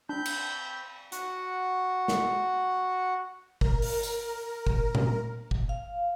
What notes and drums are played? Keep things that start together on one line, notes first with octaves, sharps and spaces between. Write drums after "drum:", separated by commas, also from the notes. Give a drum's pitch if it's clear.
C4 D4 B5 G6
drum: cymbal
F#4 F#5, drum: hi-hat
drum: snare
A#4, drum: kick G1
drum: open hi-hat
drum: tambourine
drum: kick G1
drum: tom A#2
drum: kick G1
F5